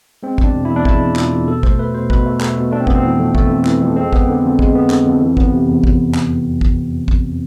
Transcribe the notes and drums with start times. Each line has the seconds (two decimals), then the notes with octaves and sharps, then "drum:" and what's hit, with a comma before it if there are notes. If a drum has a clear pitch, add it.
0.23 G#3 C4
0.38 E2, drum: kick
0.44 D4
0.55 B2
0.65 E2 E4
0.76 D4
0.85 G#3 E4, drum: kick
1.01 E2
1.16 B2 F4, drum: clap
1.32 E2
1.47 B2 A4
1.63 A3 C5, drum: kick
1.79 A3 B4
1.94 B2 C5
2.10 B2 B4, drum: kick
2.26 A3
2.41 A3, drum: clap
2.56 B2
2.72 A3 D4
2.80 C4
2.87 F2 B3, drum: kick
2.95 C4
3.04 E3
3.19 F2
3.35 A3, drum: kick
3.50 F2
3.65 E3, drum: clap
3.81 F2
3.97 G#3 C4
4.13 B3, drum: kick
4.28 D3
4.44 F2
4.59 G#3, drum: kick
4.75 B3
4.90 D3, drum: clap
5.06 F2
5.21 E3
5.37 B3, drum: kick
5.52 C3
5.68 E2
5.83 drum: kick
6.15 drum: clap
6.61 drum: kick
7.08 drum: kick